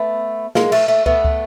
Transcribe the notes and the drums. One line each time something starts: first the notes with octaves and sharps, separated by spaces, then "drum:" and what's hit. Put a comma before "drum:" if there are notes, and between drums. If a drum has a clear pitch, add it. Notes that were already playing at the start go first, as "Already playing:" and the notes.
Already playing: A3 B3
G#3 A#3, drum: snare
A3, drum: cymbal
A3
A3 B3, drum: kick
drum: kick